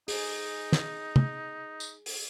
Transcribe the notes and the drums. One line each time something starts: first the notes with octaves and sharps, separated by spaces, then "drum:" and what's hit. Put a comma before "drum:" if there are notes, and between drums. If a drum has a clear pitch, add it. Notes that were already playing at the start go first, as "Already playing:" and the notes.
D#4 G#4, drum: open hi-hat
drum: snare
drum: tom
drum: tambourine
drum: open hi-hat